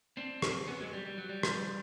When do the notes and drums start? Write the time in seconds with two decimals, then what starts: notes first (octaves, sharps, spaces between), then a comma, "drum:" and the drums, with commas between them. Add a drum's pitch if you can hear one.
0.17 C4 D4
0.42 drum: rim click
0.67 B3 C#4
0.80 F#3 G#3
0.93 G3
1.05 G3
1.18 F#3
1.29 G3
1.43 drum: rim click